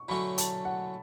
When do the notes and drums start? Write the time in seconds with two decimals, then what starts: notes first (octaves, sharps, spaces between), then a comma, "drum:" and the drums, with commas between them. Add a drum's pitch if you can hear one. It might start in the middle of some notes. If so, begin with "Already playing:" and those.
Already playing: C#6
0.08 D3 F#3 A3 C#4 F#4 B5
0.38 A5, drum: hi-hat
0.65 F#5